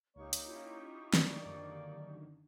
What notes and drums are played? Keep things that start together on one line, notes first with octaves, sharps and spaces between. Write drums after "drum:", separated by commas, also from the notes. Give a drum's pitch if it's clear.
C#2 A#3 D#4 G4 C#5 C#6
drum: hi-hat
C#4 E4 F4
F2 A#3 D5, drum: snare
F#2 D3 D#3